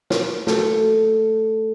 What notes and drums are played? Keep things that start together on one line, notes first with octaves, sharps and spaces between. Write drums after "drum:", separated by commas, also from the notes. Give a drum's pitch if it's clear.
drum: snare
A3, drum: snare